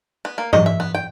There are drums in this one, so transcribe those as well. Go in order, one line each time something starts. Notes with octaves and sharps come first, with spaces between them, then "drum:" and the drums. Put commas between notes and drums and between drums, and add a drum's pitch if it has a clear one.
B3
A#3
D#5, drum: tom G#2
E5
B3
G5